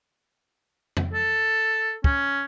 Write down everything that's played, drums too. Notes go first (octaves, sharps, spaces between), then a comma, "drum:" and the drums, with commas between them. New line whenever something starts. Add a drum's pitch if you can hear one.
drum: tom F2
A4
C#4, drum: kick